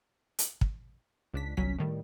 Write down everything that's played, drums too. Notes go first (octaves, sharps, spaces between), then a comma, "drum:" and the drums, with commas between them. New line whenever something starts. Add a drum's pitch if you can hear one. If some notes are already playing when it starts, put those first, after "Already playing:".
drum: hi-hat
drum: kick
C#2 D4 B6
G1 C2 F#3 C#4 B6
A2 D#3 G3